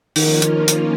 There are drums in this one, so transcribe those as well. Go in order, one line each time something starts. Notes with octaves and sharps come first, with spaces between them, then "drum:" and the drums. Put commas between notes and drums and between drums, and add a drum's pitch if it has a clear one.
D#3 F3 A#3 C#4 F4, drum: open hi-hat
drum: hi-hat
drum: hi-hat